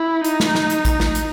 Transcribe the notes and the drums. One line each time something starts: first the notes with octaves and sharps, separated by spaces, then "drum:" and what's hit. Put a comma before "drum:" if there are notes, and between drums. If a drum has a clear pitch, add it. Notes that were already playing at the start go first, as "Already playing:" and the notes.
Already playing: E4
D#4, drum: hi-hat
drum: snare
drum: snare
drum: hi-hat
drum: kick G#1, hi-hat
drum: snare
drum: hi-hat